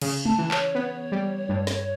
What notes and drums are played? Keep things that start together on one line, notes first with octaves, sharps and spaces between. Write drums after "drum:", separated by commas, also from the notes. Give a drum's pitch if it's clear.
C#3, drum: cymbal
A5, drum: tom G#3
E3
C#5, drum: clap
B3 C#5
G3
G2
drum: snare